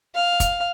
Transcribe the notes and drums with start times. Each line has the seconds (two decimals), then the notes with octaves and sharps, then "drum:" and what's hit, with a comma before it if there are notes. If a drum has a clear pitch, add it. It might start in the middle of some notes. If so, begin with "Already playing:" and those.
0.15 F5
0.40 drum: kick, hi-hat